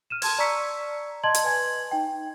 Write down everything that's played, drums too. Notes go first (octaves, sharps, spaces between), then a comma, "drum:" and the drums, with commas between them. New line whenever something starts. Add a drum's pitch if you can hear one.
F6 D#7 E7
A5 C6 G#6, drum: open hi-hat
D5 A#5 C#6 E6 B6 C#7
D#5 A5 C6 G#6 F#7
drum: hi-hat
B4 G#5 G#6
D#4 G5